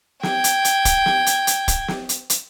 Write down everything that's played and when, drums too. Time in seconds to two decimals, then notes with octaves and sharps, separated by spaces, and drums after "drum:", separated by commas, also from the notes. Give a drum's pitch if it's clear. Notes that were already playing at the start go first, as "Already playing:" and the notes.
0.23 G5 G#6, drum: snare
0.44 drum: hi-hat
0.65 drum: hi-hat
0.85 drum: kick, hi-hat
1.06 drum: snare
1.26 drum: hi-hat
1.47 drum: hi-hat
1.68 drum: kick, hi-hat
1.88 drum: snare
2.09 drum: hi-hat
2.30 drum: hi-hat